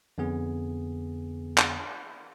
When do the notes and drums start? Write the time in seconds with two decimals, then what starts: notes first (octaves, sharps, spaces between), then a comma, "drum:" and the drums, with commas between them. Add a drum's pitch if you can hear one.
0.18 F2 D3 B3 G#4
1.58 drum: clap